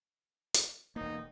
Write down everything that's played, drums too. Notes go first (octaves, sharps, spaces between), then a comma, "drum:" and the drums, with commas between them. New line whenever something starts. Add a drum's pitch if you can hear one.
drum: hi-hat
E1 A#3 D#4